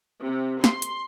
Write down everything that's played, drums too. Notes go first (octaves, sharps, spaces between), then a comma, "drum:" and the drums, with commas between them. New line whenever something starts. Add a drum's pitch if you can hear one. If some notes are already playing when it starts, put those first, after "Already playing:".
C3
C6, drum: snare
drum: hi-hat